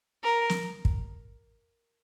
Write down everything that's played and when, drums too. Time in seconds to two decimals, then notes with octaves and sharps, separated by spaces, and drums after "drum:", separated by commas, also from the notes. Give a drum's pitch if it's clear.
0.24 A#4
0.49 drum: snare
0.85 drum: kick